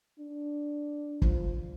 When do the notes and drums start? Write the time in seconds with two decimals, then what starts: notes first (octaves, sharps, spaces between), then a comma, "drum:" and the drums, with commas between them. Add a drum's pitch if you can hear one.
0.19 D4
1.22 F3, drum: kick